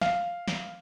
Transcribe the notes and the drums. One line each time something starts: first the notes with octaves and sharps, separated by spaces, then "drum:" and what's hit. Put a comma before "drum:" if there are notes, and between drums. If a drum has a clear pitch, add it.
F5, drum: snare
drum: snare